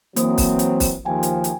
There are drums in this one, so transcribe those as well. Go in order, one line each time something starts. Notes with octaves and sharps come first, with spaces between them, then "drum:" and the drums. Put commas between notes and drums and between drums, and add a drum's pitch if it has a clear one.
E3 F#3 A#3 C4 C5 D#6, drum: hi-hat
drum: kick, open hi-hat
drum: hi-hat
drum: kick, open hi-hat
D#2 F3 G5 G#5
drum: hi-hat
drum: hi-hat